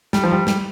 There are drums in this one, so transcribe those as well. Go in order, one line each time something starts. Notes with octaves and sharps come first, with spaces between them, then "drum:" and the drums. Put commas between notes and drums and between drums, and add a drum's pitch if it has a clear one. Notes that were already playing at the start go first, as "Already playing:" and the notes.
G3, drum: snare
F3
G3
G3, drum: snare